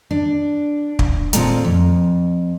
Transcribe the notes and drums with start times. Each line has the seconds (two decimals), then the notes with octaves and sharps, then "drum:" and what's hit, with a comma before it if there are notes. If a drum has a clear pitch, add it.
0.11 D4
0.99 drum: kick
1.33 A#2 C4 F4 G#4 A4 A#5, drum: hi-hat
1.64 F2